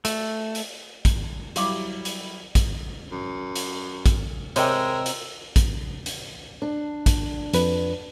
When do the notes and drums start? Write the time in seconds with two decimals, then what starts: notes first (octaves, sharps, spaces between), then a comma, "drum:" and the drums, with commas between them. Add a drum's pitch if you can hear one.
0.05 A3, drum: hi-hat
0.55 drum: hi-hat
1.05 drum: kick, hi-hat
1.56 F#3 G3 E4 G4 F5 D6, drum: hi-hat
2.05 drum: hi-hat
2.55 drum: kick, hi-hat
3.11 F#2
3.55 drum: hi-hat
4.06 drum: kick, hi-hat
4.56 C3 G#3 A#4 C#5 D#5 G5 E6, drum: hi-hat
5.06 drum: hi-hat
5.56 drum: kick, hi-hat
6.06 drum: hi-hat
6.62 D4
7.06 drum: kick, hi-hat
7.53 F2 B4, drum: hi-hat